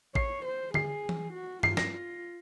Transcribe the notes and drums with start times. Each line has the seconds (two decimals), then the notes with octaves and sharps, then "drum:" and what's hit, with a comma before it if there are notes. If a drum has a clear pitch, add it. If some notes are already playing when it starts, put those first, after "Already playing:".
0.15 C#5 C7, drum: kick A1
0.45 C5
0.74 G#4 C7, drum: tom D3
1.09 drum: tom E3
1.33 F#4
1.63 F4 C7, drum: tom G2
1.77 A#6, drum: snare
1.92 F4